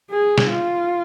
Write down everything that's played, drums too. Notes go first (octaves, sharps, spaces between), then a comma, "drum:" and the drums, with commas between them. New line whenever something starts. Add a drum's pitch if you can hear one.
G#4
drum: snare
F4